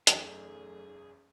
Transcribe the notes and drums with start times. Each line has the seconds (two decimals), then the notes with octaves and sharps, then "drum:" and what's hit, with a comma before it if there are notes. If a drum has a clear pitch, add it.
0.07 F#1 B1 E2 A3 D#4 G#4, drum: hi-hat